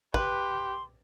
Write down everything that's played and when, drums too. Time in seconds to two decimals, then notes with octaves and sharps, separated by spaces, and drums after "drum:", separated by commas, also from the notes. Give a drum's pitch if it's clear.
0.14 G4 B4 C6, drum: kick